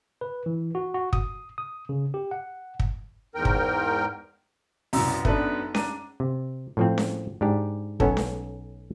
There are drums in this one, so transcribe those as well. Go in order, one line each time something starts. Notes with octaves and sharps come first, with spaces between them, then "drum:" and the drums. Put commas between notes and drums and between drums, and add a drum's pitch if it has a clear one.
B4
E3
F#4
F#4
D#6, drum: kick
D#6
C#3
G4
F#5
drum: kick
E2 G#2 A#4 G5
drum: kick
C2 F#2 B2 A#5 E6, drum: open hi-hat
B3 D4 D#4 A4 B4 E5, drum: kick
D4 A#5 D#7, drum: snare C#4
C3
A2 F3 C4
drum: snare C#4
G#2 D4 G4
B1 B3 C#4 A4, drum: kick
drum: snare C#4